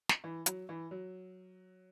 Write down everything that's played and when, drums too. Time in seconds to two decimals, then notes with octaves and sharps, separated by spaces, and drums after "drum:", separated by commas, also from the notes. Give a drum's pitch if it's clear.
0.09 drum: snare
0.24 E3
0.46 F#3, drum: hi-hat
0.69 E3
0.91 F#3